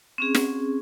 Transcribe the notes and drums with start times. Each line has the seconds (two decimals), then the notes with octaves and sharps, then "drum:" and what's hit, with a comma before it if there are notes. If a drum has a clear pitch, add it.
0.18 C4 C#4 G#4
0.35 drum: snare